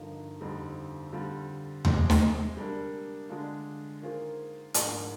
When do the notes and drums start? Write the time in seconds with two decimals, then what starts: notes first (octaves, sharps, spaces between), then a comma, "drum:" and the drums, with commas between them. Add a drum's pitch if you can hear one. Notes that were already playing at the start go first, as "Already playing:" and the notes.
Already playing: G2 D3 F3 A#3 D#4
0.41 F2 D3 G3 C4 D#4
1.13 D3 G3 C4 F4
1.85 C3 F3 G#3 C4, drum: tom D#2
2.10 drum: snare
2.57 G3 A#3 D4
3.30 D3 G#3 D4 F4
4.01 D#3 A#3 F4 G#4 C5
4.74 G#2 F3 A#3 D4 G#4, drum: hi-hat